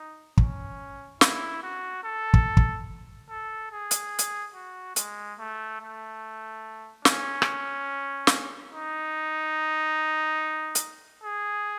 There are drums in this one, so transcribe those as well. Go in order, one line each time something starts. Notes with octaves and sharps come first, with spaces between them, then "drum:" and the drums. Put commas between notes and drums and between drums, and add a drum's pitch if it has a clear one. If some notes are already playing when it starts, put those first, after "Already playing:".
Already playing: D#4
C#4, drum: kick
E4, drum: snare
F#4
A4
drum: kick
drum: kick
A4
G#4
drum: hi-hat
drum: hi-hat
F#4
G#3, drum: hi-hat
A3
A3
C#4, drum: snare
drum: rim click
drum: snare
D#4
drum: hi-hat
G#4